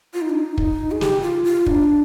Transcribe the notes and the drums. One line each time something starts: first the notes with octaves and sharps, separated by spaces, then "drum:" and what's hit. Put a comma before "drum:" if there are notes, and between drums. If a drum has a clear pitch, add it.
F4
D#4
D4
D#4
drum: kick
G#4
G4, drum: snare
F4
F4
D4, drum: kick